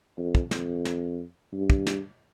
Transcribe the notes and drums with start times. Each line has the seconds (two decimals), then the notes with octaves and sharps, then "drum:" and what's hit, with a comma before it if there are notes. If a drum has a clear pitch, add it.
0.18 F2
0.35 drum: kick
0.51 F2, drum: snare
0.85 drum: snare
1.53 G2
1.70 drum: kick
1.86 drum: snare